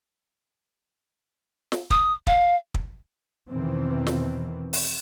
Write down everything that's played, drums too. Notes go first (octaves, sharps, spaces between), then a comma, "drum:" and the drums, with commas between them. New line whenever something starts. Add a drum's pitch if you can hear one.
drum: snare
D#6, drum: kick
F5, drum: kick
drum: kick
E2 B2 D#3 E3 C4
drum: snare
drum: open hi-hat